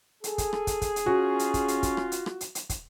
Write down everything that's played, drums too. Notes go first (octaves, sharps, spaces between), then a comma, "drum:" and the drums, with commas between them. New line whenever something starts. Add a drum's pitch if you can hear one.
G#4 A4, drum: hi-hat
drum: kick, hi-hat
drum: rim click
drum: kick, hi-hat
drum: kick, hi-hat
drum: hi-hat
C#4 F4 F#4
drum: hi-hat
drum: kick, hi-hat
drum: hi-hat
drum: kick, hi-hat
drum: rim click
drum: hi-hat
drum: rim click
drum: hi-hat
drum: hi-hat
drum: kick, hi-hat